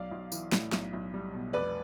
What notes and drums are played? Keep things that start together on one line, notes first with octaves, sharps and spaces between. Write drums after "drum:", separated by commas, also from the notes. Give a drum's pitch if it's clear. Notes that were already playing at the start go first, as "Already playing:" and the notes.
Already playing: B1 D5 F5
B1
E3, drum: tambourine
A2, drum: snare
B1, drum: snare
B1
G3
B2
F1 B4 D5